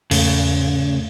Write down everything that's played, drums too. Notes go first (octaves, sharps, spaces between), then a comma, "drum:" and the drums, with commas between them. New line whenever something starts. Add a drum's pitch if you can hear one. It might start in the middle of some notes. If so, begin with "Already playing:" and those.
E2 G#2 C#3 A3, drum: open hi-hat